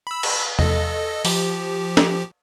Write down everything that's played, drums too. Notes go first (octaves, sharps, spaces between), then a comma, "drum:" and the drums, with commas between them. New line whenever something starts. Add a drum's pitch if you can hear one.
B5 E6
drum: cymbal
A4 D#5, drum: tom E2
F3 G4, drum: open hi-hat
drum: snare